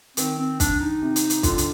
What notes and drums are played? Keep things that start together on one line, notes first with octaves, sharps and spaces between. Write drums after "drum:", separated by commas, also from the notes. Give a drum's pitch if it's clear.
D#3 C4, drum: hi-hat
C4
D4, drum: kick, hi-hat
D#4
C3
drum: hi-hat
drum: hi-hat
D3 F4, drum: kick, hi-hat
drum: hi-hat